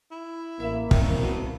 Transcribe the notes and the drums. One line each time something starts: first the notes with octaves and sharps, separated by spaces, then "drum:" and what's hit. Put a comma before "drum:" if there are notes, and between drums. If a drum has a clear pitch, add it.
E4
A1 A#3 E5
C2 F2 D#3 F#3 A3, drum: kick
B2